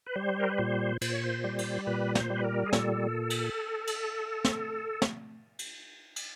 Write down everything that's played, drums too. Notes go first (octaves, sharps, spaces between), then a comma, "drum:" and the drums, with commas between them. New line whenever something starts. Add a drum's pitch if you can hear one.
B4
G3 C5
A#4
B4
A#2 C5
A#2 C5, drum: cymbal
C#5
C5
G3
drum: cymbal
A#2 B4
C5, drum: snare
G3
B4
A#4
G#4
A#2 A4, drum: snare
drum: cymbal
drum: cymbal
drum: snare
drum: snare
drum: cymbal
drum: cymbal